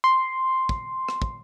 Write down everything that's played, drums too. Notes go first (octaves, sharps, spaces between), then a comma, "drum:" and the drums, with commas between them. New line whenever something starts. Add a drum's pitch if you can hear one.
C6
drum: kick
drum: rim click
drum: kick